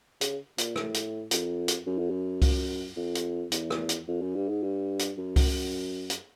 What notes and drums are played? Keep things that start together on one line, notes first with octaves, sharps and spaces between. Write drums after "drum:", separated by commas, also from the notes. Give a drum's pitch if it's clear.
C#3, drum: hi-hat
A#2, drum: hi-hat
A2, drum: rim click
drum: hi-hat
F2, drum: hi-hat
drum: hi-hat
F#2
F2
F#2
drum: kick C2, open hi-hat
F2
drum: hi-hat
E2, drum: hi-hat
drum: rim click
drum: hi-hat
F2
F#2
G2
G#2
G2
drum: hi-hat
F#2
drum: kick C2, open hi-hat
drum: hi-hat